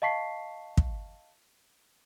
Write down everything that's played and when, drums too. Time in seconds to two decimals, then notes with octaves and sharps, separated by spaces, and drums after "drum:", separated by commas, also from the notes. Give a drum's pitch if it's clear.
0.02 D#5 F5 A5 C#6 B6 C7
0.77 drum: kick